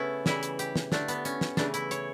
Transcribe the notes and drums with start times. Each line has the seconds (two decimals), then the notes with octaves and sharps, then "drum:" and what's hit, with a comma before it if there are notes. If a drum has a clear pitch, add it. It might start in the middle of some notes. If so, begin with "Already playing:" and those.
Already playing: C#3 A3 B3 C#4 E4
0.26 C#3 E3 G3 E4, drum: snare
0.43 drum: hi-hat
0.59 G4, drum: hi-hat
0.76 drum: snare
0.92 D3 A3 D4, drum: snare
1.08 B3, drum: hi-hat
1.25 C#4, drum: hi-hat
1.41 drum: snare
1.57 C#3 E3 A3 D4, drum: snare
1.74 E4, drum: hi-hat
1.91 C#5, drum: hi-hat